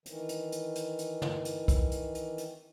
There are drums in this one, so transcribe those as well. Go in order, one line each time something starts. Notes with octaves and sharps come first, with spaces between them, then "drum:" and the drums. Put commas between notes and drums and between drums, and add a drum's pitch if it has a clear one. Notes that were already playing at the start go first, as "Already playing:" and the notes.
D#3 E3, drum: hi-hat
drum: hi-hat
drum: hi-hat
drum: hi-hat
drum: hi-hat
drum: tom
drum: hi-hat
drum: kick C2, hi-hat
drum: hi-hat
drum: hi-hat
drum: hi-hat